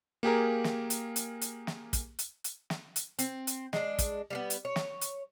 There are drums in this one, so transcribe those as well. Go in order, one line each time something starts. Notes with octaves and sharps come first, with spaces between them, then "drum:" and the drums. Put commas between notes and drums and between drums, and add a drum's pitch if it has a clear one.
A#3 G4 G#4 A#4
drum: snare
drum: hi-hat
drum: hi-hat
drum: hi-hat
drum: snare
drum: kick, hi-hat
drum: hi-hat
drum: hi-hat
drum: snare
drum: hi-hat
C4, drum: hi-hat
drum: hi-hat
G#3 D4, drum: snare
drum: kick, hi-hat
G3 A#3 B3
drum: hi-hat
C#5
drum: snare
drum: hi-hat